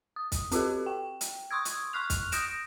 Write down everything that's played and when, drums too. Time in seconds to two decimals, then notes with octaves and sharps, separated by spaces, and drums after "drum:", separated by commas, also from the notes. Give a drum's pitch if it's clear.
0.16 D#6
0.32 drum: kick, hi-hat
0.52 C4 F4 G4 A4, drum: hi-hat
0.86 G5
1.21 drum: hi-hat
1.51 C6 C#6 D#6 E6 G#6
1.65 drum: hi-hat
1.93 C6 C#6 F6 F#6 F7
2.10 drum: kick, hi-hat
2.32 D#6 G6 A#6 D7 E7, drum: hi-hat